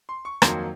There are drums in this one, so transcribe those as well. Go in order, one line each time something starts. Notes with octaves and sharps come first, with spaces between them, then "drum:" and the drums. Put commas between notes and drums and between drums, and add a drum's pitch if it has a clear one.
C6
C#6
F2 D#3 F#3 A#3 C6, drum: rim click